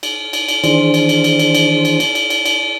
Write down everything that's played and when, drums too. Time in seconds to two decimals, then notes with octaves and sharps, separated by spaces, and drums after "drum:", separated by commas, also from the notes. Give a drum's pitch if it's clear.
0.03 drum: cymbal
0.33 drum: cymbal
0.48 drum: cymbal
0.64 D#3 E3 D4 G#4 C5, drum: cymbal
0.94 drum: cymbal
1.09 drum: cymbal
1.24 drum: cymbal
1.39 drum: cymbal
1.55 drum: cymbal
1.85 drum: cymbal
2.00 drum: cymbal
2.15 drum: cymbal
2.30 drum: cymbal
2.45 drum: cymbal